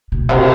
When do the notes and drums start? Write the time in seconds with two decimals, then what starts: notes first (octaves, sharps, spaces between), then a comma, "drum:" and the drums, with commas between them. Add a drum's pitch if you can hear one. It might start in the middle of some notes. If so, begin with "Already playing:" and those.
0.12 B2
0.29 C3, drum: cymbal